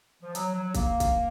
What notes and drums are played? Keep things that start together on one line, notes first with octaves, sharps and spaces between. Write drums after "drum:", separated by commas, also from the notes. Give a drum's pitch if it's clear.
F3
F#3, drum: hi-hat
F#3
A#3, drum: kick, hi-hat
drum: kick, hi-hat